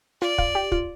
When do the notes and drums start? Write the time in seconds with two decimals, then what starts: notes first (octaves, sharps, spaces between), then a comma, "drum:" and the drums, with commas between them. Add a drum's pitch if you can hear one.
0.21 F4 D5
0.38 F4, drum: kick
0.55 G4
0.72 F4, drum: kick